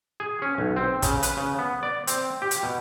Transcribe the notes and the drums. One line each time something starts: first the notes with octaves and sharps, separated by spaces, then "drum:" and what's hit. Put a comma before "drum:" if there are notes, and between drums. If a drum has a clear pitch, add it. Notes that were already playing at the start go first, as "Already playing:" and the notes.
G#4
C#4
B1
C4
C#3, drum: kick, hi-hat
B4, drum: hi-hat
C#3
B3
D5
C4, drum: hi-hat
G4
drum: hi-hat
B2